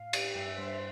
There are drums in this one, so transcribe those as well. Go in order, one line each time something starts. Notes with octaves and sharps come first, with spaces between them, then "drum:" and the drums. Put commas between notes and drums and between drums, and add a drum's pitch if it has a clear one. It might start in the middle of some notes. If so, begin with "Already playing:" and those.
Already playing: A2 F5
G4, drum: cymbal
G2 E5
G2 C5